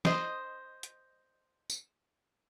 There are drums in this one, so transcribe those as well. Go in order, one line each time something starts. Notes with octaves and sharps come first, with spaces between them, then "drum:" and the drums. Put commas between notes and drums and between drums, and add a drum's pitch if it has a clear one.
C5 D#5, drum: snare
drum: hi-hat
drum: tambourine